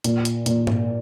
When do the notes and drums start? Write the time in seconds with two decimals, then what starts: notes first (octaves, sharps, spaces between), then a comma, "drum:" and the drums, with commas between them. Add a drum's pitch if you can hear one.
0.04 A#2, drum: hi-hat
0.25 drum: hi-hat
0.46 A#2, drum: hi-hat
0.67 drum: tom G#2